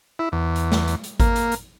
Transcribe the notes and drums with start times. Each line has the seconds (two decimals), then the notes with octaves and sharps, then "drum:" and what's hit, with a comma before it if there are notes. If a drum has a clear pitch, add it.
0.19 E4
0.32 E2
0.56 drum: hi-hat
0.72 drum: snare
0.88 drum: hi-hat
1.04 drum: hi-hat
1.20 A#3, drum: kick G#1, hi-hat
1.36 drum: hi-hat
1.52 drum: hi-hat